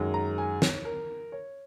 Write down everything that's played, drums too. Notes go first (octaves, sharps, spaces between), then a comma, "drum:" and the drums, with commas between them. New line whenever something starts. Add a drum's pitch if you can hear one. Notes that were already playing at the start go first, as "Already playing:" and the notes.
Already playing: F#2 D#3 G#3
A#5
G#5
C#5, drum: snare
A#4
C#5